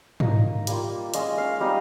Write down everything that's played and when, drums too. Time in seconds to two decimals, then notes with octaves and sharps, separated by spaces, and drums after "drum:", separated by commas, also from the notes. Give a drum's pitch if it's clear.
0.20 A#3 D#4 D#5, drum: tom G#2
0.67 G3 A#3 F4, drum: hi-hat
1.14 G#3 C#4 F4 D#5, drum: hi-hat
1.38 F5
1.60 G3 C4 D#4 D#5